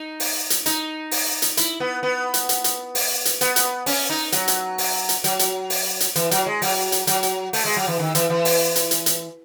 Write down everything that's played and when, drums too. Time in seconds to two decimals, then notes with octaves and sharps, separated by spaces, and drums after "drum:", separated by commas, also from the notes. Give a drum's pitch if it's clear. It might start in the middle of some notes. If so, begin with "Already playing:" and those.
Already playing: D#4
0.20 drum: open hi-hat
0.50 drum: hi-hat
0.66 D#4, drum: hi-hat
1.11 drum: open hi-hat
1.42 drum: hi-hat
1.57 E4, drum: hi-hat
1.80 B3
2.03 B3
2.34 drum: hi-hat
2.49 drum: hi-hat
2.64 drum: hi-hat
2.95 drum: open hi-hat
3.25 drum: hi-hat
3.41 B3, drum: hi-hat
3.56 drum: hi-hat
3.86 C#4, drum: open hi-hat
4.10 D#4
4.32 F#3, drum: hi-hat
4.48 drum: hi-hat
4.78 drum: open hi-hat
5.09 drum: hi-hat
5.24 F#3, drum: hi-hat
5.39 drum: hi-hat
5.70 drum: open hi-hat
6.00 drum: hi-hat
6.16 E3, drum: hi-hat
6.31 F#3, drum: hi-hat
6.46 G#3
6.62 F#3, drum: open hi-hat
6.92 drum: hi-hat
7.07 F#3, drum: hi-hat
7.23 drum: hi-hat
7.53 A3, drum: open hi-hat
7.65 G#3
7.76 F#3
7.88 E3
7.99 D#3
8.15 E3, drum: hi-hat
8.30 E3
8.45 drum: open hi-hat
8.76 drum: hi-hat
8.91 drum: hi-hat
9.06 drum: hi-hat